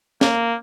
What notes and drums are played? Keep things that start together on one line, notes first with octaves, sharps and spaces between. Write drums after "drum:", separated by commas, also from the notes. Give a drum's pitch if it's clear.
A#3, drum: snare